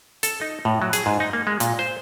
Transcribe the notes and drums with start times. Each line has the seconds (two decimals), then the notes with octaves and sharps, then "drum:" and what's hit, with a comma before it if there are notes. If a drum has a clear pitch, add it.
0.23 A4, drum: hi-hat
0.41 D#4
0.65 A2
0.82 F#3
0.93 G#4, drum: hi-hat
1.06 G#2
1.20 D#4
1.33 A#3
1.47 G#3
1.60 A#2, drum: hi-hat
1.79 C5